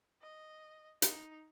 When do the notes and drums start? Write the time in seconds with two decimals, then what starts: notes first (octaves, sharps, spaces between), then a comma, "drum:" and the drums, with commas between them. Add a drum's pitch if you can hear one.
0.22 D#5
1.02 D#4, drum: hi-hat